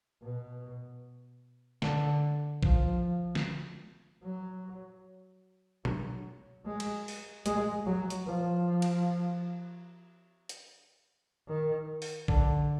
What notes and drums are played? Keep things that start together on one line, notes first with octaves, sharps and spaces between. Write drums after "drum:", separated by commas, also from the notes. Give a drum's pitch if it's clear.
B2
D3, drum: snare
F3, drum: kick A#1
drum: snare
F#3
F#3, drum: tom B2
G#3
drum: cymbal
drum: open hi-hat
G#3, drum: hi-hat
F#3
drum: hi-hat
F3
drum: cymbal
drum: hi-hat
D#3
drum: open hi-hat
D3, drum: kick A#1